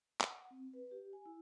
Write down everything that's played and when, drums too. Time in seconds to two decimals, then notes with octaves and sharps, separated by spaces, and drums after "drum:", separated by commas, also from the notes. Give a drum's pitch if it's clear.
0.21 F#5, drum: clap
0.51 C4
0.73 B4
0.91 G4
1.13 G#5
1.26 E4